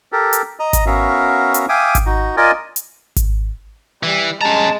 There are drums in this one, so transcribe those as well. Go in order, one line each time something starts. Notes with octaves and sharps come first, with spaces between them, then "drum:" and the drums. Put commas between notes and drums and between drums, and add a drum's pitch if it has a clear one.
G4 A4 A#4
drum: hi-hat
D#5 A#5
drum: kick G#1, hi-hat
B3 C#4 F#4 A#4 E5 F5
drum: hi-hat
E5 F5 G5 G#5 D6 D#6
drum: kick G#1, hi-hat
D#4 F#4
F4 A#4 D5 D#5 G#5
drum: hi-hat
drum: kick G#1, hi-hat
E3 G3
G#3 C#4 A5 A#5